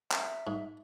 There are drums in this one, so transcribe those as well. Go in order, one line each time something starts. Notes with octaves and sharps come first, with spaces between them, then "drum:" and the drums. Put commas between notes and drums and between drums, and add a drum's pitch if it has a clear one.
E5, drum: clap
G#2